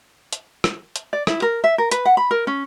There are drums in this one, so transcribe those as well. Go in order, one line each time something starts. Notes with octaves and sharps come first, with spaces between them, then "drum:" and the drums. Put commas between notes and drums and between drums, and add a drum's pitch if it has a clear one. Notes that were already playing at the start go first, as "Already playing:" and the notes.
drum: hi-hat
drum: rim click
drum: hi-hat
D5
E4, drum: rim click
A#4
E5
A#4
B4, drum: hi-hat
F#5
B5
A#4
C#4